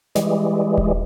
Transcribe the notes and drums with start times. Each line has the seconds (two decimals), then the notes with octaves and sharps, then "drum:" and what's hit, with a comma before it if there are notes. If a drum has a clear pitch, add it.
0.15 E3 G3 G#3, drum: snare
0.78 drum: kick D#1